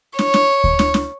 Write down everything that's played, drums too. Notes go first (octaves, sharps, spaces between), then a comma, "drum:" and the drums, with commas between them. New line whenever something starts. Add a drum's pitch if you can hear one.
C#5, drum: snare
drum: snare
drum: kick D2
drum: snare
drum: snare